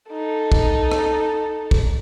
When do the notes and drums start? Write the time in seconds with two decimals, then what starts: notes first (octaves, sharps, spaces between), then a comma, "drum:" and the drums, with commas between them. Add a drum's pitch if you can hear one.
0.12 D#4 A4
0.52 drum: kick
0.91 drum: rim click
1.71 drum: kick